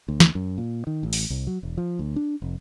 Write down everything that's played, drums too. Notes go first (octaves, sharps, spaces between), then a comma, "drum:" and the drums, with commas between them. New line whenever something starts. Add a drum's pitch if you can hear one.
D2
drum: snare
F#2
A#2
D#3
A1
drum: open hi-hat
C2
F#3
E1
F3
D2
D4
F1